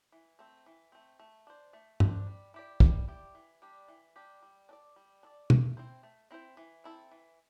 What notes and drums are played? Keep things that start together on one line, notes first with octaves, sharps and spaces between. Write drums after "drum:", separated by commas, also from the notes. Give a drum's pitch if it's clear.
E3
A3 C4
E3
A3 C4
A3
D4 C5
A3
D4 C5, drum: tom
G3
E4 G4 D5
G3, drum: kick
E4 G4 D5
E3
G3 D4 G4
E3
G3 D4 G4
G3
D4 A4 D5
G3
D4 A4 D5
A3, drum: tom
C4 E4 C5
A3
C4 E4 C5
E3
C4 E4 A4
E3